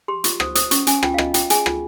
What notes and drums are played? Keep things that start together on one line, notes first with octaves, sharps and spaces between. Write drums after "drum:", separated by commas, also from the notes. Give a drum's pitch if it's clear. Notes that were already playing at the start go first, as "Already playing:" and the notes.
G4 C6
F4 C#6, drum: hi-hat
C5 D#6, drum: rim click
C5 D#6, drum: hi-hat
C#4 C#6, drum: hi-hat
C#4 G#5, drum: hi-hat
F4 G5, drum: rim click
F5
F4 D#5, drum: rim click
F4 G5, drum: hi-hat
G#4 G#5, drum: hi-hat
F4, drum: rim click